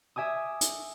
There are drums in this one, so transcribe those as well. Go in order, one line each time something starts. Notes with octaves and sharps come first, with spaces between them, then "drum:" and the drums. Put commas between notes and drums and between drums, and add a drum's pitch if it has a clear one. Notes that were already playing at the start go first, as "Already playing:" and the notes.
E5 G#5 D6 D#6
drum: hi-hat